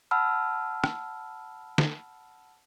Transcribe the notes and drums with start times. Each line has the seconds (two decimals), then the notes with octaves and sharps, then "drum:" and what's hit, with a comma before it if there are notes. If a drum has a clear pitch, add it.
0.11 F#5 A5 B5 E6 F6
0.84 drum: rim click
1.78 drum: snare